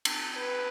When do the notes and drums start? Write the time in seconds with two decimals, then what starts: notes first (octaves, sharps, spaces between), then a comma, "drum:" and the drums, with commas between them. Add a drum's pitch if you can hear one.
0.05 drum: cymbal
0.39 B4